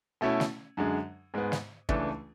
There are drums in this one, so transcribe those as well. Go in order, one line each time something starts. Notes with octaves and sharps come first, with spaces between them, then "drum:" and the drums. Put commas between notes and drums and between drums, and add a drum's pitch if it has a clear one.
B2 A3 C#4 E4
drum: snare
F#2 D3 G#3
G#2 G#3 B3
drum: snare
C#2 C#3 E3 A3 D4, drum: kick